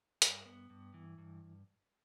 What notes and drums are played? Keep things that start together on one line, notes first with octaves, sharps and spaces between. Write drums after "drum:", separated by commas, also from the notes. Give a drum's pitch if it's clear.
G2, drum: hi-hat
B3
G2
E3
G2